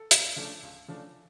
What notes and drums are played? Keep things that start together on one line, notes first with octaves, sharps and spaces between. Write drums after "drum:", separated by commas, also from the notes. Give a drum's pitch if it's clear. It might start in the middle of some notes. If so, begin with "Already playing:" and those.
Already playing: A4
C#2, drum: hi-hat
C#3 F3 A3 D4
C#2
C#3 F3 A3 D4